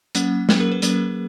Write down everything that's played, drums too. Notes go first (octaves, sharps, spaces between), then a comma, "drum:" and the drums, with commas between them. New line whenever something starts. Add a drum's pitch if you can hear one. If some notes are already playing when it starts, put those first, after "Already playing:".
F#3 A#3 C#4 F#5, drum: hi-hat
F#3 A#3 C#4 G#4, drum: snare
A#4
B4
F#3 A#3 C#4 A#4, drum: hi-hat